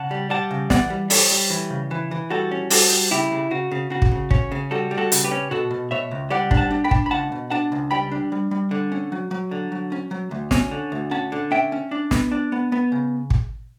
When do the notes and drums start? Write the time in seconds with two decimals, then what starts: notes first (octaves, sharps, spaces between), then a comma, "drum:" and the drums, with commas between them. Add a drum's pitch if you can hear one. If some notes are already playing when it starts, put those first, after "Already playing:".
Already playing: C#3 F#5 A5
0.11 G3
0.30 G3 F#5 A5
0.51 C#3
0.70 E3 D5 F#5, drum: snare
0.90 G3
1.10 G3 A4 C#5, drum: open hi-hat
1.30 G3
1.50 E3
1.70 C#3
1.91 E3
2.11 E3
2.30 G3 F#4 A4
2.51 C#4
2.70 G3 F#4 A4, drum: open hi-hat
2.90 G3
3.11 C#3 E4 G4
3.31 C#3
3.51 C#3 F#4
3.72 C#3
3.90 C#3 F#4
4.02 drum: kick
4.12 C#3
4.31 C#4, drum: kick
4.52 C#3
4.71 G3 F#4 A4
4.91 G3
4.97 F#4 A4
5.12 C#3, drum: hi-hat
5.24 G4 B4
5.31 C#4
5.51 B2 F#4 A4
5.71 B2
5.91 B2 C#5 E5
6.11 C#2
6.30 G3 D5 F#5
6.51 D4, drum: kick
6.57 F#5 A5
6.71 D4
6.84 G5 B5
6.91 D4, drum: kick
7.06 B5
7.11 C#2 F#5 A5
7.32 B2
7.50 D4 F#5 A5
7.72 C#2
7.91 G3 G5 B5
8.11 D4
8.32 G3
8.51 G3
8.71 D3
8.92 C#4
9.12 F#3
9.31 F#3
9.51 D3
9.72 F#3
9.92 C#4
10.11 F#3
10.31 D2
10.51 C#4, drum: snare
10.71 D3
10.92 D2
11.11 C#4 F#5 A5
11.32 D3
11.51 C#4 E5 G5
11.72 C#4
11.91 D4
12.11 B3, drum: snare
12.32 D4
12.52 B3
12.72 B3
12.92 C#3
13.30 drum: kick